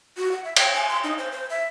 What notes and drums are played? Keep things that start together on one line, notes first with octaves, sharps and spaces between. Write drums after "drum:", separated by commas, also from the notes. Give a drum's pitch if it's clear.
F#4
F#5
E5
G5, drum: cymbal
G#5
C6
D#4
C5
C5
E5